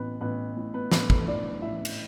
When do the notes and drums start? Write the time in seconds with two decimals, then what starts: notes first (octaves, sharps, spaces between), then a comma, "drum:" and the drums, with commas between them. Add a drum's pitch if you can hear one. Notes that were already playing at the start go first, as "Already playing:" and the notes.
Already playing: A1 A2 B3 B4
0.20 A1 B3 B4
0.57 A2
0.74 B3 B4
0.92 A1 B3 B4, drum: snare
1.10 A4, drum: kick
1.28 A2 D4 D5
1.62 A1 E4 E5
1.85 drum: cymbal